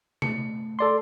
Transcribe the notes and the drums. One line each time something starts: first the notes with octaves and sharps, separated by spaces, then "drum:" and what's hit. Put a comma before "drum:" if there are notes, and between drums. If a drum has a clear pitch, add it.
A3, drum: tom C3
A4 D5 C6